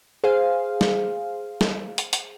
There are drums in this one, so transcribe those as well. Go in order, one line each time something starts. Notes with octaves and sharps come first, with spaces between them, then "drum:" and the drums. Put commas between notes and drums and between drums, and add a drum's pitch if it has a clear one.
G#4 C5 F5
drum: snare
drum: snare
drum: hi-hat
drum: hi-hat